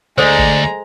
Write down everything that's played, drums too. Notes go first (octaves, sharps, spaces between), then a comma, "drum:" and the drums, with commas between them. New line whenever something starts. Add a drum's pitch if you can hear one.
D2 G#3 A4 C5 D5 A#5
drum: kick